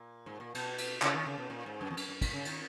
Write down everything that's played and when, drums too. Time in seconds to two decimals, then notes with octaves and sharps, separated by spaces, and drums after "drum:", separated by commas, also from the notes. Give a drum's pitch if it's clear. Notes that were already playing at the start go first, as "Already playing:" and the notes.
Already playing: A#2
0.26 G#2
0.40 A#2
0.55 B2, drum: cymbal
0.78 drum: cymbal
1.02 C#3, drum: clap
1.14 D#3
1.26 C#3
1.38 B2
1.50 A#2
1.66 G#2
1.81 F#2
1.91 E2
1.97 F#2, drum: cymbal
2.09 F#2
2.21 A#2, drum: kick, cymbal
2.33 C#3
2.45 D#3, drum: cymbal